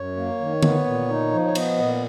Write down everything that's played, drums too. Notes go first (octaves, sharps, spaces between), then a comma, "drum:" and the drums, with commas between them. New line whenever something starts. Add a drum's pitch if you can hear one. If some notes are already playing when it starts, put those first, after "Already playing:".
Already playing: F#2 C#5
A#3
D#3
B3, drum: tom D3
A#2
D#4
F3
C#5
B3 D#5, drum: cymbal
A#2